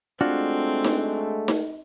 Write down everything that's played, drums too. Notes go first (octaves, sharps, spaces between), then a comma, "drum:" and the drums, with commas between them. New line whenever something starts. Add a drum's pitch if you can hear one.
G#3 A3 C4 D4 F4 F#4
drum: snare D#4
drum: snare D#4